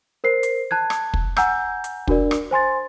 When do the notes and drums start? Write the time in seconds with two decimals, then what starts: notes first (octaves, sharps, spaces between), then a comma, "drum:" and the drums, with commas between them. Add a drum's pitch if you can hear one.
0.24 A#4 C5 C7
0.43 drum: hi-hat
0.71 A5 F#6 G#6
0.90 drum: rim click
1.14 drum: kick
1.37 F#5 G#5 A#5 E6 G6, drum: rim click
1.84 drum: hi-hat
2.07 D4 F#4 A#4 D5, drum: kick
2.31 drum: rim click
2.51 C5 G#5 C6 A6